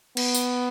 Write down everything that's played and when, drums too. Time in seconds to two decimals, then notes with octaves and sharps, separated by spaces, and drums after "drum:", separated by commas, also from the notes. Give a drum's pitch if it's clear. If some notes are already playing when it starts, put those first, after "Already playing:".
0.17 B3, drum: cymbal
0.34 drum: tambourine